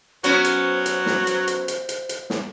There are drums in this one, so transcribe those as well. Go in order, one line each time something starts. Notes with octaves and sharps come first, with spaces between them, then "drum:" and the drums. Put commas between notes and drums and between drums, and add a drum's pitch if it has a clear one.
F#3 B3 C#4 F#4 C5, drum: hi-hat
drum: hi-hat
drum: hi-hat
drum: snare
drum: hi-hat
drum: hi-hat
drum: hi-hat
drum: hi-hat
drum: hi-hat
drum: snare